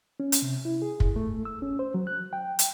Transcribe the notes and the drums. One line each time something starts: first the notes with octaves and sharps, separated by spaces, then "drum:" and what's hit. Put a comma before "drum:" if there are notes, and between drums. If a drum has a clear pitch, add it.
C#4
drum: hi-hat
C3
E4
G#4
drum: kick
A3
E6
C#4
C5
F#3
F#6
G5
drum: hi-hat